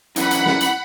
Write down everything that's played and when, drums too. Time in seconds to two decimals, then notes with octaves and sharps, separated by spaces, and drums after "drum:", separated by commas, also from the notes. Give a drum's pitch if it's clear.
0.16 F#2 E3 F#5 B5, drum: hi-hat
0.31 drum: hi-hat
0.46 drum: snare
0.61 drum: hi-hat